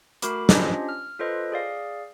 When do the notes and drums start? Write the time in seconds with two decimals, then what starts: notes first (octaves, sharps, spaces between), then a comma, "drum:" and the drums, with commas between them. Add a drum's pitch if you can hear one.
0.22 A3 F#4 A#4 B5 D6, drum: hi-hat
0.49 C#4 D4 F4 G4 C5 D#5, drum: snare
0.89 F6
1.19 F4 A4 B4 C5 D#5
1.52 G#4 D5 F5